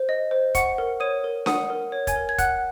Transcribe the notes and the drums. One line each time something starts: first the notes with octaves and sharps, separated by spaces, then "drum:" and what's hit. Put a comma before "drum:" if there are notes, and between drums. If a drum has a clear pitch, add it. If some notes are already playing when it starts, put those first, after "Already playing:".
Already playing: C5
D#5
C5
F#5 C#6 C#7, drum: kick, hi-hat
A#4
C#5 D#6 D#7
A#4
F#5 D#6 D#7, drum: snare D4
A#4
C#5
G#5 G#6, drum: kick, hi-hat
A#4
G#6
F#5 F#6, drum: kick, hi-hat